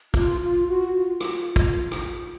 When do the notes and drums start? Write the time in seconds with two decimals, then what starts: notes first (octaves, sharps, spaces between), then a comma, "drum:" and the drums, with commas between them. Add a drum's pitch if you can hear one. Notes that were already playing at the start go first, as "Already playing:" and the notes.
0.14 F4, drum: kick, tambourine
0.41 F4
0.68 F#4
0.93 F4
1.20 drum: rim click
1.56 drum: kick, tambourine
1.92 drum: rim click